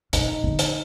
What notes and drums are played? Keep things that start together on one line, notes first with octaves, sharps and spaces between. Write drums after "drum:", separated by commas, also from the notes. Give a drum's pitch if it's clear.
A#2 D#4, drum: hi-hat
D3
drum: hi-hat